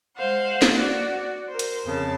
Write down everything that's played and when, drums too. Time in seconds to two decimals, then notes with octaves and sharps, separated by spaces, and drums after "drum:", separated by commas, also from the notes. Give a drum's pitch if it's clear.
0.16 G#3 C5 F5 F#5
0.62 drum: snare
0.74 F#4 D5
1.48 A#4 C5
1.59 drum: hi-hat
1.85 F2 C#3 A5